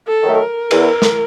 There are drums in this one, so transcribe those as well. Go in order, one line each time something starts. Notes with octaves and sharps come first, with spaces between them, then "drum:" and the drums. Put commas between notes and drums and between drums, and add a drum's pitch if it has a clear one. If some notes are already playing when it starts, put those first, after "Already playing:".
A4
D#3 F#3 A3
A#4
E2, drum: cymbal
drum: snare